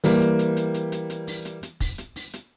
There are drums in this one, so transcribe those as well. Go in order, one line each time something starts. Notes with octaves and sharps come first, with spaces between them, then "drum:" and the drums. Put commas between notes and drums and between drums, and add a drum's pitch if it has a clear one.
E3 G3 A#3, drum: open hi-hat
drum: hi-hat
drum: hi-hat
drum: hi-hat
drum: hi-hat
drum: hi-hat
drum: hi-hat
drum: open hi-hat
drum: hi-hat
drum: hi-hat
drum: kick, open hi-hat
drum: hi-hat
drum: open hi-hat
drum: hi-hat